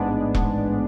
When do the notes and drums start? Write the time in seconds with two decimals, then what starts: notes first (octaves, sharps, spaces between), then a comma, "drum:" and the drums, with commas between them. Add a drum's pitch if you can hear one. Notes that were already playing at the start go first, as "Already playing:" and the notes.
Already playing: A1 G#2 G#3 B3 D4
0.35 drum: kick E1